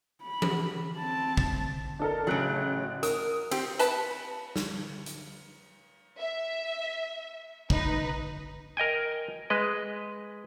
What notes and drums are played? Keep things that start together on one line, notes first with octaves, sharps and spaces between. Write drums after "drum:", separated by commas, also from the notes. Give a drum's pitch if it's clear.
B5
drum: tom E3
C4 A5
drum: kick
D4 A4 A#4
A1 C#3 F#3 F#6 D7
A#4 D#6, drum: hi-hat
C4 G4, drum: cymbal
B4 A5 B5, drum: hi-hat
drum: snare
drum: hi-hat
E5
D#4 B4, drum: kick
A#4 D#5 G5 G#5
G#3 B4 D#5